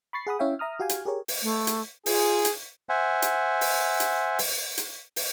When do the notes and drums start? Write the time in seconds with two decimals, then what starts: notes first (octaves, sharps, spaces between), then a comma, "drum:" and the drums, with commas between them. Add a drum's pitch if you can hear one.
0.13 B5 C#6 A6 C7
0.27 G#4 F#5 B5 D#6
0.39 C#4 E4 C#5 E5 F5 G5
0.59 E5 A#5 D#6 F6
0.79 F#4 G4 F5 G5 G#5
0.89 drum: hi-hat
1.05 G4 G#4 A#4 C#5
1.28 drum: open hi-hat
1.43 A3
1.67 drum: hi-hat
2.06 F4 G#4, drum: open hi-hat
2.45 drum: hi-hat
2.89 C5 E5 F#5 G#5
3.22 drum: hi-hat
3.61 drum: open hi-hat
4.00 drum: hi-hat
4.39 drum: open hi-hat
4.78 drum: hi-hat
5.16 drum: open hi-hat